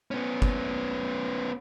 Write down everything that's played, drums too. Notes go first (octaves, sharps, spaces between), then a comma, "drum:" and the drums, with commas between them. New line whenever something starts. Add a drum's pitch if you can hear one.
B3 C#4
drum: kick